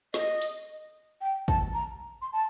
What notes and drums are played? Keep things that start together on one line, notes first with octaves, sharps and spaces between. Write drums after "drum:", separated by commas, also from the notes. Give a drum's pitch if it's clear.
D#5, drum: snare
drum: hi-hat
G5
A5, drum: kick
A#5
C6
A5